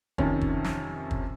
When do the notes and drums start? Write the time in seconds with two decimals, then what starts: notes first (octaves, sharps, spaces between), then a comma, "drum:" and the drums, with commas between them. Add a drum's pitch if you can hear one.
0.18 F2 C3 D#3 C#4, drum: kick
0.41 drum: kick
0.64 drum: snare
1.11 drum: kick